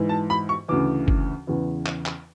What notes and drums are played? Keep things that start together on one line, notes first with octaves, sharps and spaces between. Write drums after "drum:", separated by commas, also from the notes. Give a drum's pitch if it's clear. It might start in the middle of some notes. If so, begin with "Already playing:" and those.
Already playing: G#2 E3
A5
B5
C#6
D2 C#3 E3 D6
drum: kick
E2 C#3 E3
drum: clap
drum: clap